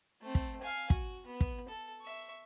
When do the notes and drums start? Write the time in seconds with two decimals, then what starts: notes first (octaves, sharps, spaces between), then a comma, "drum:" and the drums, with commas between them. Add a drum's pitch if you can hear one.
0.22 A3 C4
0.35 drum: kick
0.61 F5 G#5
0.90 F#4, drum: kick
1.26 B3
1.40 drum: kick
1.68 A4
2.01 E5 C#6